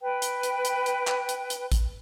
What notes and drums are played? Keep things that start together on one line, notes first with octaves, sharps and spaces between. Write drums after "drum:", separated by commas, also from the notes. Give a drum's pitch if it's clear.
B4 G5
drum: hi-hat
drum: hi-hat
drum: hi-hat
drum: hi-hat
drum: clap
drum: hi-hat
drum: hi-hat
drum: kick A1, hi-hat